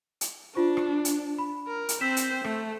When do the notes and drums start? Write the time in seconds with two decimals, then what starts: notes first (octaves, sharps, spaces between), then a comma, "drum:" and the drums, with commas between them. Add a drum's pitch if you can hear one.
0.21 drum: hi-hat
0.55 D4 F4 C5 C#6
0.77 drum: rim click
1.05 drum: hi-hat
1.38 B5
1.68 A#4
1.89 drum: hi-hat
2.01 C4 C5 E6 B6 E7
2.17 drum: hi-hat
2.45 A3, drum: rim click